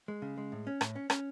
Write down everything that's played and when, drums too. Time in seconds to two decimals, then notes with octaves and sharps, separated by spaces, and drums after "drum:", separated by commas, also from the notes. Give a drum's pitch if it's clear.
0.08 G#3
0.22 C#3
0.38 G#3
0.52 A2
0.67 C#4
0.81 A2, drum: rim click
0.96 C#4
1.10 C#4, drum: rim click